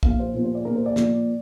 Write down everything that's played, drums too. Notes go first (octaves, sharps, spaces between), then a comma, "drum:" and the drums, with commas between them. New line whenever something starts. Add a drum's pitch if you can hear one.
A#2 F3 A#3 F5, drum: kick
C5
A#2 F3 A#3
C5
D5
A#2 F3 A#3 A#4
C5
D5
A#2 F3 A#3, drum: snare